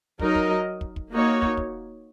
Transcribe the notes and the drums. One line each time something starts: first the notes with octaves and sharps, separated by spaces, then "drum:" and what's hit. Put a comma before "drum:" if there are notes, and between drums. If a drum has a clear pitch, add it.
F#3 D#4 A#4 D#5, drum: kick
drum: kick
drum: kick
drum: kick
A#3 D#4 F#4 C#5
drum: kick
drum: kick